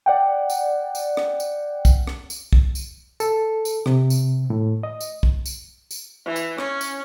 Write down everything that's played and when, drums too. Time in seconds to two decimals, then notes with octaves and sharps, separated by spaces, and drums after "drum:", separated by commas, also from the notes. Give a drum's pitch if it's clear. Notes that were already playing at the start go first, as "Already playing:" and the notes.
0.06 D5 F#5 G5
0.50 drum: tambourine
0.95 drum: tambourine
1.17 drum: rim click
1.40 drum: tambourine
1.85 drum: kick, tambourine
2.07 drum: rim click
2.30 drum: tambourine
2.53 drum: kick
2.75 drum: tambourine
3.20 A4, drum: tambourine
3.65 drum: tambourine
3.86 C3, drum: rim click
4.10 drum: tambourine
4.50 A2
4.83 D#5
5.01 drum: tambourine
5.23 drum: kick
5.46 drum: tambourine
5.91 drum: tambourine
6.26 E3
6.36 drum: tambourine
6.58 C#4, drum: rim click
6.81 drum: tambourine